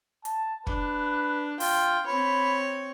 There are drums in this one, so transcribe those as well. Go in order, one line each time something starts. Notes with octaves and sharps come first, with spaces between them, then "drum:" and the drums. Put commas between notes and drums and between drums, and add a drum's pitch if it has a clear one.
A5, drum: hi-hat
D4 B4, drum: kick
F4 G5, drum: open hi-hat
C4 C#5 B5